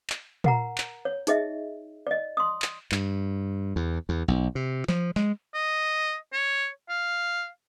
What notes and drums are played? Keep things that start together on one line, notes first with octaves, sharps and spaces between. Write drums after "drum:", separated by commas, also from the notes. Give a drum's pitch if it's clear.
drum: clap
A#4 F#5 A#5, drum: tom A#2
drum: clap
C#5
D#4 G#4 D#5 E5, drum: hi-hat
D5 D#5
C6 D#6
drum: clap
G2, drum: clap
E2
E2
B1
C3
F3, drum: snare
G#3, drum: snare
D#5
C#5
F5